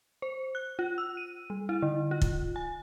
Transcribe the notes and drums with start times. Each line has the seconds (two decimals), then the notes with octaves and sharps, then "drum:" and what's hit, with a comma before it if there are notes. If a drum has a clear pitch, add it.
0.22 C5
0.55 F#6
0.79 F4
0.98 E6
1.17 D#7
1.50 G3
1.69 E4
1.82 D3
2.11 F4
2.22 drum: kick
2.56 G#5